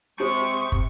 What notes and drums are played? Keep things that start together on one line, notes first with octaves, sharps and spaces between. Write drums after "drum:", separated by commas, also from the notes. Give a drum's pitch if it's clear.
C3 G#3 G4 C5 C#6
drum: kick